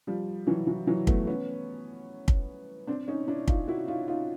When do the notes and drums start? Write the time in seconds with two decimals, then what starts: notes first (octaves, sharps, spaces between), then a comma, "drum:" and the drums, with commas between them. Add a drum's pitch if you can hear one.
0.07 F3 G3
0.47 E3 F#3
0.67 E3 F#3
0.87 E3 F#3
1.07 A3 B3, drum: kick
1.27 B3 C#4
2.28 drum: kick
2.87 C4 D4
3.08 C#4 D#4
3.28 D4 E4
3.48 D#4 F4, drum: kick
3.68 E4 F#4
3.88 D#4 F4
4.08 D#4 F4